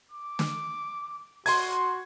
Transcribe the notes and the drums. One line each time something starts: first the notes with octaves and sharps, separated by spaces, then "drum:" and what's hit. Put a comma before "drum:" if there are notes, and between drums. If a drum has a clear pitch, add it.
D6
drum: snare
F#4 C6 G#6, drum: open hi-hat